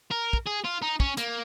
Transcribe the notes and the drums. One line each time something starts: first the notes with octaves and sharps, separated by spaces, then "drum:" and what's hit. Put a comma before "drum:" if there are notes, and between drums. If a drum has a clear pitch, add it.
A#4
drum: kick
G#4
F4
D#4
C#4, drum: kick
A#3, drum: hi-hat